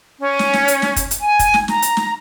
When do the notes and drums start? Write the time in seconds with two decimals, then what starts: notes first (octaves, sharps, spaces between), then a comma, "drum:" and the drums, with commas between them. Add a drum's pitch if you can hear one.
0.19 C#4
0.39 drum: snare
0.53 drum: snare
0.68 drum: hi-hat
0.82 drum: snare
0.96 drum: kick, hi-hat
1.11 drum: hi-hat
1.20 G#5
1.39 drum: kick, hi-hat
1.54 drum: snare
1.68 A#5, drum: snare
1.82 drum: hi-hat
1.97 drum: snare